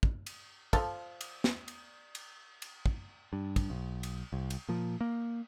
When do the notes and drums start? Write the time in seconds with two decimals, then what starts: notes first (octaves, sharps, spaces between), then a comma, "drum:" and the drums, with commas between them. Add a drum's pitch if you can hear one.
0.03 drum: kick
0.26 drum: cymbal
0.73 F3 A4, drum: kick, cymbal
1.21 drum: cymbal
1.44 drum: snare
1.68 drum: cymbal
2.15 drum: cymbal
2.62 drum: cymbal
2.86 drum: kick
3.33 G2
3.56 drum: kick, cymbal
3.70 B1
4.03 drum: cymbal
4.33 C2
4.50 drum: cymbal
4.69 A#2 F3
5.01 A#3